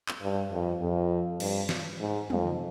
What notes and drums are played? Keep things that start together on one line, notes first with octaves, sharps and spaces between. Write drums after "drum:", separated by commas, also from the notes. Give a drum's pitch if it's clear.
drum: clap
G2
F2
F2
G2, drum: cymbal
drum: snare
G#2
F2, drum: tom